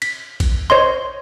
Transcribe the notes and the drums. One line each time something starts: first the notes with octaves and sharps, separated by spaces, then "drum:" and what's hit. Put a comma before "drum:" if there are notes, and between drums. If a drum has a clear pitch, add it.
B6, drum: cymbal
drum: kick A#1, cymbal
C5 C#5 D#5 C6